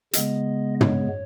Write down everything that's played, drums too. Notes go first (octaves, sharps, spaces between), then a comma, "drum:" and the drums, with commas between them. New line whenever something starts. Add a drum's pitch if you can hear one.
C#3 G#3 B3 D#5, drum: hi-hat
C#5, drum: tom